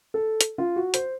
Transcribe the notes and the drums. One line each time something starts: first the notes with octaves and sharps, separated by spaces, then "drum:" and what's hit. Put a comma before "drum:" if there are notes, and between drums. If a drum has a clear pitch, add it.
A4
drum: hi-hat
F4
F#4
C5, drum: hi-hat